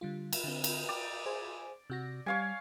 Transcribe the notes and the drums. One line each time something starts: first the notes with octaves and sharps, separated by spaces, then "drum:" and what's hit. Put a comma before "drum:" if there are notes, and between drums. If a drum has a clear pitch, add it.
D3 G3 F4
drum: cymbal
D3 C4
drum: cymbal
D5 G5
G#4 C5 G#5
C3 F#4 A#6
G3 C#5 F5 G#5